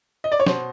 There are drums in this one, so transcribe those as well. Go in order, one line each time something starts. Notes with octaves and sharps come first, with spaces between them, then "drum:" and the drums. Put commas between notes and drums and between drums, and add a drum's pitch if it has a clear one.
D#5
D5
C#5
B2 C5, drum: snare